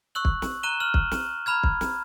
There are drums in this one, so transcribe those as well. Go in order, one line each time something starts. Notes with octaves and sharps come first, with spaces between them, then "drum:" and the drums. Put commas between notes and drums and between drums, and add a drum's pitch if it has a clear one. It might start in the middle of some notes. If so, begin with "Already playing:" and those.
C#6 E6 F#6 F#7
drum: kick
drum: snare
A#5 F#6 D#7 E7 G7
F6 F#7
drum: kick
drum: snare
A#5 B5 F6 G#6
drum: kick
drum: snare